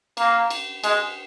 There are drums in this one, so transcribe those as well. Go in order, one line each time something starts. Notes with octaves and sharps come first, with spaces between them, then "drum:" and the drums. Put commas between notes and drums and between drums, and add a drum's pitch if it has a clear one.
A#3, drum: cymbal
drum: cymbal
G#3, drum: cymbal